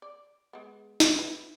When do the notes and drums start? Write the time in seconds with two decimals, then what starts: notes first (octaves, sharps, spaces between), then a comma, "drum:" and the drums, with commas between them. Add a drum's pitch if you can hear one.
0.02 D5
0.53 G#3 B3
1.00 G#3, drum: snare
1.19 E4 B4